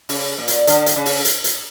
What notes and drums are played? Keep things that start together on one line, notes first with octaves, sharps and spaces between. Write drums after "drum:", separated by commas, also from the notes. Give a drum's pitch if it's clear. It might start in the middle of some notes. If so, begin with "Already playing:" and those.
C#3, drum: open hi-hat
A#2
drum: hi-hat
D3, drum: hi-hat
drum: hi-hat
C#3
drum: open hi-hat
drum: hi-hat
drum: hi-hat